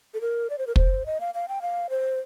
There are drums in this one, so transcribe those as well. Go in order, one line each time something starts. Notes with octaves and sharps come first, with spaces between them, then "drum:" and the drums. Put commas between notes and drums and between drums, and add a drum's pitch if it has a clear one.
A4
A#4
D5
C5
A#4
C5, drum: kick
D#5
F5
F5
G5
F5
C5